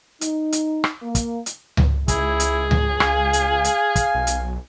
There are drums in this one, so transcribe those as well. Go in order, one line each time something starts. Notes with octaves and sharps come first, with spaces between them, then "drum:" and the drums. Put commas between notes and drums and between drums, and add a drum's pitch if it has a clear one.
D#4, drum: hi-hat
drum: hi-hat
drum: rim click
A#3
drum: kick, hi-hat
drum: hi-hat
drum: tom C#2
C#2 E4 G#4, drum: kick, hi-hat
drum: hi-hat
drum: tom C#2
F5 G#5, drum: rim click
drum: hi-hat
drum: hi-hat
drum: kick, hi-hat
B1
drum: hi-hat